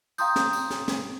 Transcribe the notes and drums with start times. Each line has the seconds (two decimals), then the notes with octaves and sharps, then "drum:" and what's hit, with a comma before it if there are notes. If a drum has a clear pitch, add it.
0.18 F5 G5 A#5 C6 D#6 G6, drum: tambourine
0.36 drum: snare
0.53 drum: tambourine
0.70 drum: snare
0.88 drum: snare